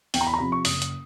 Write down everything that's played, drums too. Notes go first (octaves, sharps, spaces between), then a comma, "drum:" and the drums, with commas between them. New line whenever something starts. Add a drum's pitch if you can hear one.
E2 G5, drum: open hi-hat
A#5
B5
A#5
C3 F3 B5
C#6
F#1 D#6, drum: open hi-hat
drum: hi-hat